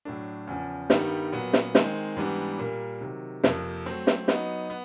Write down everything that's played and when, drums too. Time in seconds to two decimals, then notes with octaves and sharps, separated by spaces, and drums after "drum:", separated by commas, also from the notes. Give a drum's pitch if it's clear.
0.05 A2 F#3 A3 D4
0.47 E2 C#3 F3
0.90 G2 D#3 G3 B3, drum: snare
1.32 A#2 F#3 B3
1.53 drum: snare
1.75 D#3 G#3 C4, drum: snare
2.16 G#2 E3 G3 B3 D4
2.59 A#2 G3 A#3
3.01 C3 D#3 F#3
3.44 F2 C3 F3 A#3, drum: snare
3.86 F#3 A3 C4
4.07 drum: snare
4.28 F#3 B3 D#4, drum: snare
4.70 B3